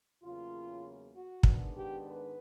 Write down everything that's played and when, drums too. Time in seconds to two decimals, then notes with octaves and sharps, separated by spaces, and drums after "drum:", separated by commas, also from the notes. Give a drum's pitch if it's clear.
0.23 E2 C#3 F#3 A#3 F4
1.13 F#4
1.43 G#2 D#3 G#3 B3 D4, drum: kick
1.74 G4
2.04 B4